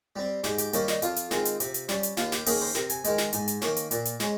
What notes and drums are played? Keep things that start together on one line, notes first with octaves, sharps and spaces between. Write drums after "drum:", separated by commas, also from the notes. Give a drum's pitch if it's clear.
G3 C4
G#2 G4, drum: snare
G4, drum: hi-hat
D#3 G3 A#3 C#4, drum: hi-hat
D#4, drum: snare
F2 F4, drum: hi-hat
drum: hi-hat
D#3 G#3 C4, drum: snare
drum: hi-hat
C3, drum: hi-hat
drum: hi-hat
G3 C#4, drum: snare
drum: hi-hat
D#2 F4, drum: snare
G4, drum: snare
D#3 A#3 C#4 G#4, drum: open hi-hat
C5
C3 A#4, drum: snare
G#5, drum: hi-hat
D#3 G#3 G#5, drum: hi-hat
A#5, drum: snare
G#2 G#5, drum: hi-hat
drum: hi-hat
D#3 A#3 C#4, drum: snare
drum: hi-hat
A#2, drum: hi-hat
drum: hi-hat
G#3 C#4, drum: snare